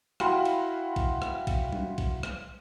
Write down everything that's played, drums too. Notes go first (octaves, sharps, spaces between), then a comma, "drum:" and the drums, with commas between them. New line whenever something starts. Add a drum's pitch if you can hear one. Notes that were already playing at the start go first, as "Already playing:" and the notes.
E4 F#4 F5 G5 B5 C6, drum: rim click
drum: cymbal
drum: kick B1, cymbal
drum: rim click
drum: kick B1, cymbal
drum: tom F#3
drum: kick B1, cymbal
drum: rim click